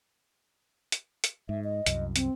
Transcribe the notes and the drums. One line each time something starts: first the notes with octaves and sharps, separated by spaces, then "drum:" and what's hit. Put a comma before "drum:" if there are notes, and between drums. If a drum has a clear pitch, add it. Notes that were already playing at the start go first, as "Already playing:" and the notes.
drum: hi-hat
drum: hi-hat
G#2 E5
D#5
C2 F#2, drum: hi-hat
C4, drum: hi-hat